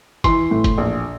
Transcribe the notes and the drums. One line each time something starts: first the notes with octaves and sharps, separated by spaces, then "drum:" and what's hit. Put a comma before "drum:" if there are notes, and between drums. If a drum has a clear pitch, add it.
E3 C6, drum: kick, hi-hat
A2
drum: kick, hi-hat
A#1